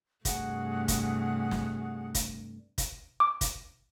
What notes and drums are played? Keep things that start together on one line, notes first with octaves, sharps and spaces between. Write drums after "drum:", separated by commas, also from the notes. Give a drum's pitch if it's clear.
G2 C3 A3 F#4 G#4 F#5, drum: kick, hi-hat
drum: kick, hi-hat
drum: snare
drum: kick, hi-hat
drum: kick, hi-hat
D6
drum: kick, hi-hat